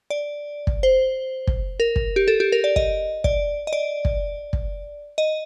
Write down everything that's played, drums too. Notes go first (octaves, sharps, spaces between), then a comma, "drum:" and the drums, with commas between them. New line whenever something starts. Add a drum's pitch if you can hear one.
D5
drum: kick
C5
drum: kick
A#4
drum: kick
G4
A4
G4
A#4
D5
D#5, drum: kick
D5, drum: kick
D#5
D5
drum: kick
drum: kick
D#5